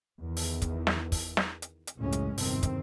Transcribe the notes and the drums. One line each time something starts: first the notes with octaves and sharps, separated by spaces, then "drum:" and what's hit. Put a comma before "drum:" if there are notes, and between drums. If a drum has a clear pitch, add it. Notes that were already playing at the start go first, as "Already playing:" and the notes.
E2 D#3 E3
drum: open hi-hat
drum: kick, hi-hat
drum: snare
drum: kick, open hi-hat
drum: snare
drum: hi-hat
drum: hi-hat
C#2 F#2 A2 C#3 G#3 C#4
drum: hi-hat
G1 E2 G#2 C3 D#3 C4, drum: open hi-hat
drum: kick, hi-hat